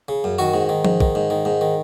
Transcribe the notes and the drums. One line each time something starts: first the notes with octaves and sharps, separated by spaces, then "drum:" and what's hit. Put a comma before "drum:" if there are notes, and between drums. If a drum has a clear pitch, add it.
C#3
F#2
D#3 F#4
G#2
D#3
G#2, drum: tom F3
D#3, drum: kick
G#2
D#3
G#2
D#3